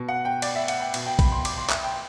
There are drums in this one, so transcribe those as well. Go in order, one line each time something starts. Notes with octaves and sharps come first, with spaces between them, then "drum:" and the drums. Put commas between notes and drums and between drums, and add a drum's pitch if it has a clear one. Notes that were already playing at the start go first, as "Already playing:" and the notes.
Already playing: B2
F#5
G5
D5, drum: cymbal
E5
F#5, drum: cymbal
G5
B2, drum: cymbal
G5
B5, drum: kick B1, cymbal
C6
D6, drum: cymbal
C6
E5, drum: clap
G5